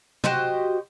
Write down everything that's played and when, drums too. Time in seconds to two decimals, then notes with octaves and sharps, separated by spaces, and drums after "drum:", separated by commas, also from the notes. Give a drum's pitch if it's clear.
0.24 F#4 G4 C5 D#5, drum: tom C3